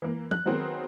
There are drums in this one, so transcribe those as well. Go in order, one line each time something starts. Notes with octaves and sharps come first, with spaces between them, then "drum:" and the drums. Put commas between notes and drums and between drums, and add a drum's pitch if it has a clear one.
E3 A#3
F#6, drum: tom
D#3 F#3 B3 C4 G#4 A#4